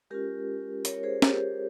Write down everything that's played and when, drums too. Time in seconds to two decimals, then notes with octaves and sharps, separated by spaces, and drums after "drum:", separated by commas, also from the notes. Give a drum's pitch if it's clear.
0.10 G#3 C#4 F4 G4 A#4
0.85 A#4 C#5, drum: hi-hat
1.03 G#4 C5
1.22 G4 A#4, drum: snare